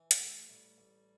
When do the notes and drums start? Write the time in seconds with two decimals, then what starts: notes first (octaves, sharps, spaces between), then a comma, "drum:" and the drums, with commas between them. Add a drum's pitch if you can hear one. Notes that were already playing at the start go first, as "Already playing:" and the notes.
Already playing: E3
0.11 G3, drum: hi-hat
0.20 A1 A3
0.48 A1 G3
0.78 A1